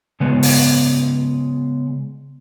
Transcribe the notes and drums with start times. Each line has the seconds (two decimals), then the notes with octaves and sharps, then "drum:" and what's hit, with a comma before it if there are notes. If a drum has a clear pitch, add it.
0.20 C#3 G#3 B3
0.43 drum: open hi-hat